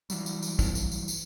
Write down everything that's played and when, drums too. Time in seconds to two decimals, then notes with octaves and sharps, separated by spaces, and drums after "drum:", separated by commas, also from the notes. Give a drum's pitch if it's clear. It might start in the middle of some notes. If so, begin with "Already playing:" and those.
0.10 E3 F#3 G3, drum: tambourine
0.26 drum: tambourine
0.42 drum: tambourine
0.59 drum: kick, tambourine
0.75 drum: tambourine
0.92 drum: tambourine
1.08 drum: tambourine